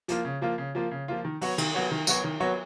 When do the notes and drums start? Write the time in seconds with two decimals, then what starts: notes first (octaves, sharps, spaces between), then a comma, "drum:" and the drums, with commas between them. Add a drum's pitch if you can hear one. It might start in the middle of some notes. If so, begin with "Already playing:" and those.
0.08 F3 A#3 F4, drum: hi-hat
0.25 C#3
0.42 F3 A#3 F4
0.58 C#3
0.75 F3 A#3 F4
0.91 C#3
1.08 F3 A#3 F4
1.24 D#3
1.41 F#3 B3 F#4 C#5, drum: open hi-hat
1.58 D#3, drum: cymbal
1.74 F#3 B3 F#4 C#5
1.91 D#3
2.07 F#3 B3 F#4 C#5, drum: tambourine
2.24 D#3
2.40 F#3 B3 F#4 C#5